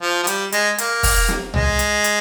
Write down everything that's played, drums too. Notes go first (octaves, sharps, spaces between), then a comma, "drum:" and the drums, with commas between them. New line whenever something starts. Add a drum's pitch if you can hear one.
F3
F3
G3, drum: hi-hat
G#3, drum: hi-hat
A#3, drum: hi-hat
drum: kick, open hi-hat
drum: snare
G#3, drum: tom C2
drum: hi-hat
drum: hi-hat